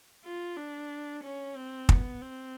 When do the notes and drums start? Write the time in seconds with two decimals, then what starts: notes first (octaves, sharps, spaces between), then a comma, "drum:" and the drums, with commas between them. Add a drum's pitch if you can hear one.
0.25 F4
0.57 D4
1.24 C#4
1.57 C4
1.89 B3, drum: kick
2.22 C4